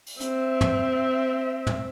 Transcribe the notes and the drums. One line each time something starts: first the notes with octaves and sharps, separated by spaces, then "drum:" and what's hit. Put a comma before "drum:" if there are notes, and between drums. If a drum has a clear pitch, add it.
drum: open hi-hat
C4 E5, drum: hi-hat
drum: tom
drum: tom